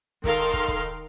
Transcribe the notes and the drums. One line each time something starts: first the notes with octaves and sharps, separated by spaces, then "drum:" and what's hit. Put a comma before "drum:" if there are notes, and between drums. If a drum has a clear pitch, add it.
D#3 A4 A#4 F5 C6, drum: kick
drum: kick
drum: kick